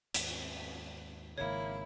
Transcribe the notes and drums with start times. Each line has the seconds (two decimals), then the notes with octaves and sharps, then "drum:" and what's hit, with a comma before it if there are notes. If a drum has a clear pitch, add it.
0.14 D#2 G#2, drum: hi-hat
1.38 G#1 C#3 A#3 E4 C#5